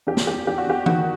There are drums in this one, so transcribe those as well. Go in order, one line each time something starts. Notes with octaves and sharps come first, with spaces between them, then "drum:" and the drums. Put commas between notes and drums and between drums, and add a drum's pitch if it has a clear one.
E2 G4
drum: snare
E2 G4
E2 G4
F#4
E2 G4
D#3 F#4, drum: tom E3